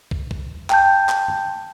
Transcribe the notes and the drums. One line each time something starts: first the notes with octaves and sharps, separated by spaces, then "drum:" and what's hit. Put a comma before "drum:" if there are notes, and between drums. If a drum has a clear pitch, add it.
drum: kick
drum: kick
G5 A5 G6, drum: clap
drum: clap
drum: tom